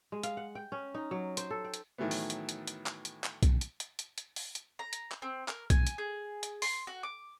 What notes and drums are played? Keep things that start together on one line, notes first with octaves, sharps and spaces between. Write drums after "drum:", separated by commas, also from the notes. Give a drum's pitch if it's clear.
G#3
F5, drum: hi-hat
F#5
G5
C#4
D#4
F#3
C5, drum: hi-hat
A4
G5
drum: hi-hat
A2 D#3 E3 F#3 A3 B3
drum: open hi-hat
drum: hi-hat
drum: hi-hat
drum: hi-hat
drum: clap
drum: hi-hat
drum: clap
drum: kick B1, hi-hat
drum: hi-hat
drum: hi-hat
drum: hi-hat
drum: hi-hat
drum: open hi-hat
drum: hi-hat
A#5
drum: hi-hat
drum: clap
C4
A#4, drum: clap
G#5, drum: kick B1, hi-hat
drum: hi-hat
G#4
drum: hi-hat
C6, drum: open hi-hat
F#4
D6